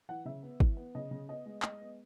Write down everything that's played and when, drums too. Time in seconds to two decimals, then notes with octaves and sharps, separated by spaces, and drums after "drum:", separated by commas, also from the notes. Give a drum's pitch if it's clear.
0.09 E3 F#5
0.25 C#3 E5
0.43 B3
0.60 E3, drum: kick
0.77 B3
0.95 C#3 D#5
1.11 C#3
1.29 B3 D#5
1.46 G#3
1.62 G#3 D#5, drum: clap
1.81 B3